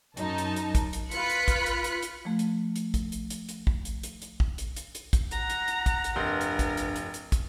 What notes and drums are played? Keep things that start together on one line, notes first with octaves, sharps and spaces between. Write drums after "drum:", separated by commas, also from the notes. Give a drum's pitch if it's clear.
F#2 D#4 A5, drum: hi-hat
drum: hi-hat
drum: hi-hat
drum: kick, hi-hat
drum: hi-hat
F4 B4 B5 F#6 B6 C#7, drum: hi-hat
drum: hi-hat
drum: kick, hi-hat
drum: hi-hat
drum: hi-hat
drum: hi-hat
F3 A3
drum: hi-hat
drum: hi-hat
drum: kick, hi-hat
drum: hi-hat
drum: hi-hat
drum: hi-hat
drum: kick
drum: hi-hat
drum: hi-hat
drum: hi-hat
drum: kick
drum: hi-hat
drum: hi-hat
drum: hi-hat
drum: kick, hi-hat
F#5 A#5, drum: hi-hat
drum: hi-hat
drum: hi-hat
drum: kick, hi-hat
drum: hi-hat
F1 G2 A#4 C6 G6
drum: hi-hat
drum: kick, hi-hat
drum: hi-hat
drum: hi-hat
drum: hi-hat
drum: kick, hi-hat